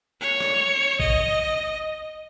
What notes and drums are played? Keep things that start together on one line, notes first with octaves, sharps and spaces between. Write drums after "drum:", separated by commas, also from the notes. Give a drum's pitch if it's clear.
C#5
drum: rim click
D#5, drum: kick